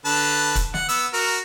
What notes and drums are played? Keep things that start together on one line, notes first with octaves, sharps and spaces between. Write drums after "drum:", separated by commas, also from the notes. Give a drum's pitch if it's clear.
D3 B4 A5
drum: kick E1, hi-hat
F#5, drum: snare
B3 E6, drum: hi-hat
F#4 A#4